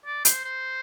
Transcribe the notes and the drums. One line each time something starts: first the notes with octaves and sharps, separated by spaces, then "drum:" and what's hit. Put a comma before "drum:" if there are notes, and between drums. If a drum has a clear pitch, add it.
D5
C5, drum: hi-hat
C5